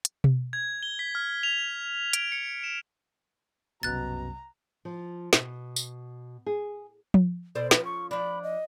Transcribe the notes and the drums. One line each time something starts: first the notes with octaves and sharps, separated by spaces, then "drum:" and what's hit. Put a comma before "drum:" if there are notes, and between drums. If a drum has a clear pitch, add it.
drum: hi-hat
drum: tom B2
G#6
G7
B6
F6
F7
D7, drum: hi-hat
C#7
E7
C2 F#2 B2 A#5 F#6 A6
F3
B2, drum: snare
drum: tambourine
G#4
drum: tom F3
B2 A4 C5 D5
F3 C#4 B4, drum: snare
C#6
F3 D4 B5
D#5